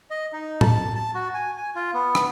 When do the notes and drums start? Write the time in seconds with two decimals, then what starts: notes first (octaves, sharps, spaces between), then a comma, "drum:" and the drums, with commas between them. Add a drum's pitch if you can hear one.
0.10 D#5
0.33 D#4
0.61 A5, drum: tom A2
0.96 A5
1.14 F#4
1.34 G#5
1.58 G#5
1.75 F4
1.94 B3
2.15 drum: rim click